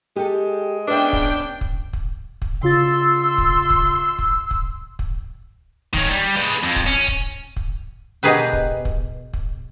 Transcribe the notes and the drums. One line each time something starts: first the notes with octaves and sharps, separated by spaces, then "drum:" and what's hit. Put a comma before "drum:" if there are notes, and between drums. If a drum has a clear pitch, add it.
G#3 G4 A4
B3 C#4 D4 B4 E5 G5
drum: kick
drum: kick
drum: kick
drum: kick
C#3 F4 C6 E6 A6
drum: kick
drum: kick
drum: kick
drum: kick
drum: kick
D#3 C#4, drum: kick
G3
G#3 B4
F2
drum: kick
C#4
drum: kick
drum: kick
B2 G4 G#4 A#4 B4 G5
drum: kick
drum: kick
drum: kick